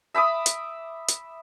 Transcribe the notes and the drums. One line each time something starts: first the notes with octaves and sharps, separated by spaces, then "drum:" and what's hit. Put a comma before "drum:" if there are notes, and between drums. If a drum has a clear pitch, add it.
E5 B5 D6 D#6
drum: hi-hat
drum: hi-hat